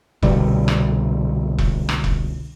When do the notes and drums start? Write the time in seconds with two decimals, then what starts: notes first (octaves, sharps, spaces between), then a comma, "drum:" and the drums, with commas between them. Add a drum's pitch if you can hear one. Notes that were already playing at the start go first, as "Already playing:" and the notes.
0.22 C2 B2 D3 G3, drum: kick E1
0.68 drum: rim click
1.58 drum: kick E1
1.89 drum: rim click
2.04 drum: kick E1